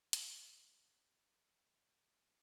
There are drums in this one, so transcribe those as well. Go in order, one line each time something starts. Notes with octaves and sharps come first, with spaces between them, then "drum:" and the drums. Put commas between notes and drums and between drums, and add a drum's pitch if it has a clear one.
B5 C6, drum: hi-hat